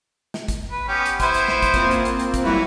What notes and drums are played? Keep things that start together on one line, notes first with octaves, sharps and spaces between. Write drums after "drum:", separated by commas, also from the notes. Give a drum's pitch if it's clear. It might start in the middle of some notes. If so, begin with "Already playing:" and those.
drum: snare
drum: kick, hi-hat
B4
B3 C#4 G4
drum: hi-hat
B3 E4 C5 G#6, drum: kick, hi-hat
drum: hi-hat
drum: snare
drum: kick, hi-hat
A#3 C4 F4, drum: kick, hi-hat
drum: hi-hat
drum: hi-hat
drum: hi-hat
drum: kick, hi-hat
E3 F#3 G3 E4 F#4 B4